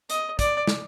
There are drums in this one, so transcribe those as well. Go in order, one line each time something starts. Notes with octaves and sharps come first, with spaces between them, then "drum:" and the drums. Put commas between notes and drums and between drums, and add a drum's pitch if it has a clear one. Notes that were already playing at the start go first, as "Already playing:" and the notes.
D#5, drum: hi-hat
D5, drum: kick, hi-hat
drum: snare